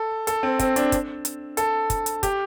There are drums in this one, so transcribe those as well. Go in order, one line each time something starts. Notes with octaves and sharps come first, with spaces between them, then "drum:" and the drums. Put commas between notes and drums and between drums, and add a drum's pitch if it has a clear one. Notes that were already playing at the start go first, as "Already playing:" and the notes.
Already playing: A4
A4, drum: hi-hat
C4
C4, drum: kick, hi-hat
D4, drum: hi-hat
drum: kick, hi-hat
drum: hi-hat
A4, drum: hi-hat
drum: kick, hi-hat
drum: hi-hat
G4, drum: kick, hi-hat